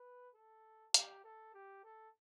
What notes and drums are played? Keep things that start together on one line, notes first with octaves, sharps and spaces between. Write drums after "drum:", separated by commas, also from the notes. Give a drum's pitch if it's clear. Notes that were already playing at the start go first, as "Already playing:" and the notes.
Already playing: B4
A4
G4, drum: hi-hat
A4
G4
A4